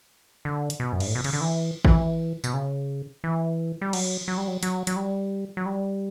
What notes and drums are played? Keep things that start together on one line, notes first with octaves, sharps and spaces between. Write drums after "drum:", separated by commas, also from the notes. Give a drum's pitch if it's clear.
D3
drum: hi-hat
B2
F#2
G2, drum: cymbal
A2
B2
C#3, drum: cymbal
D3
E3
E3, drum: kick G#1
B2, drum: tambourine
C#3
E3
G3
F#3, drum: cymbal
F#3
G3
F#3
F#3, drum: hi-hat
F#3, drum: hi-hat
G3
F#3
G3